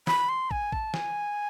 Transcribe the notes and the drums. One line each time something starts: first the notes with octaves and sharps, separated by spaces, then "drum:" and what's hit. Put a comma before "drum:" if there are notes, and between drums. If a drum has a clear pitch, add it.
B5, drum: snare
C6
G#5, drum: kick
A5, drum: kick
G#5, drum: snare